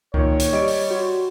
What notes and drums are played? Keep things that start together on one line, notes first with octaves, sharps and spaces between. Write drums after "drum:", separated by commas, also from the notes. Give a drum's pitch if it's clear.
A#2 D#3 C#5, drum: kick C#2
drum: hi-hat
G3 D#5 D7
drum: open hi-hat
F#4